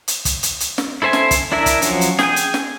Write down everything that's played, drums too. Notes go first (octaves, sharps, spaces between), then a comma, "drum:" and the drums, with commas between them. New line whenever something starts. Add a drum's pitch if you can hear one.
drum: hi-hat
drum: kick, hi-hat
drum: hi-hat
drum: hi-hat
drum: snare
E4 A4 C5 E5 G#5
drum: snare
drum: kick, hi-hat
D4 E4 A#4 E5
drum: kick, hi-hat
F3 F#3 C#4, drum: hi-hat
drum: hi-hat
G#4 G5 G#5, drum: snare
drum: hi-hat
drum: snare